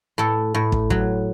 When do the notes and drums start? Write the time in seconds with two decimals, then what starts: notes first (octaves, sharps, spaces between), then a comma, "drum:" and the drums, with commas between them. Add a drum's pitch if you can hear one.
0.18 A2 A4
0.54 A2
0.72 drum: kick
0.90 F#3, drum: kick